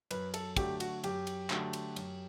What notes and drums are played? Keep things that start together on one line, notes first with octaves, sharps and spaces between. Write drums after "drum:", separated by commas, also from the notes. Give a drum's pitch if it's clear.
F#2 B4, drum: cymbal
A4, drum: cymbal
D3 F#3 A3 G4, drum: kick, cymbal
F#4, drum: cymbal
F#2 G4, drum: cymbal
drum: cymbal
D3 F#3 A3, drum: clap
drum: cymbal
F#2, drum: cymbal